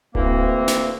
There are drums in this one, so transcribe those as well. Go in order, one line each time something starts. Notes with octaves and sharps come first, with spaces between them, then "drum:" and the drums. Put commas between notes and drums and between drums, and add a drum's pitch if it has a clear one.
D2 E3 A#3 C4, drum: kick D1
drum: snare